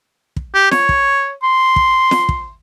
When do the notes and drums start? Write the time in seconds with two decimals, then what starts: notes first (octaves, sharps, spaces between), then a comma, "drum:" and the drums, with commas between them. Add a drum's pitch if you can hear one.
0.36 drum: kick
0.54 G4
0.71 C#5, drum: snare
0.89 drum: kick
1.43 C6
1.76 drum: kick
2.11 drum: snare
2.29 drum: kick